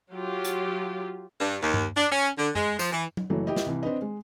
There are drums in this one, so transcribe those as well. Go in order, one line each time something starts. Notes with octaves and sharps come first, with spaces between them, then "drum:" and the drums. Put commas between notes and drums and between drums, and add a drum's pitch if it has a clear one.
F#3 F4 G4
drum: hi-hat
G2
D#2
drum: tom G2
D4
C#4
D3
G#3, drum: tom F#2
F3, drum: tambourine
E3
drum: tom
F#1 E3 F#3 A3
E4 G4 D#5
drum: snare
C2 E3
C4 D4 B4 D#5
G#3